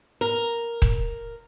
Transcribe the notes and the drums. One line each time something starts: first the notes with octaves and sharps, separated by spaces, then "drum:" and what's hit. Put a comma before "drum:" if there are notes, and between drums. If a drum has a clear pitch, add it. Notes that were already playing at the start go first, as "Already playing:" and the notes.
A#4
drum: kick D#1